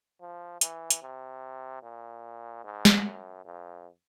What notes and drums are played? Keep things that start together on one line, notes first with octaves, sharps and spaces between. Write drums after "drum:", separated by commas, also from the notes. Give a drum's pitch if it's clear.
F3
E3, drum: hi-hat
drum: hi-hat
C3
A#2
G#2
drum: snare
F#2
F2